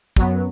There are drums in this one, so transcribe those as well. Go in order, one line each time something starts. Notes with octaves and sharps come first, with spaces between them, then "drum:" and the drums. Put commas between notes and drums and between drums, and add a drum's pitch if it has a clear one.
F#2 F#3 B3, drum: kick